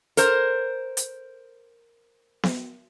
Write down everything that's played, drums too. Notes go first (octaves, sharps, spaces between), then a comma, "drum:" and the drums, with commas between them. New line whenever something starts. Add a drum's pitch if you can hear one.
A#4 C5, drum: hi-hat
drum: hi-hat
drum: snare B3